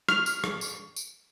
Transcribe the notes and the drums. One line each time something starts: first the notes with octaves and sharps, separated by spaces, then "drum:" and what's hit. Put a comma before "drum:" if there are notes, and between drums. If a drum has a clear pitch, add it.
F6, drum: rim click
drum: tambourine
drum: rim click
drum: tambourine
drum: tambourine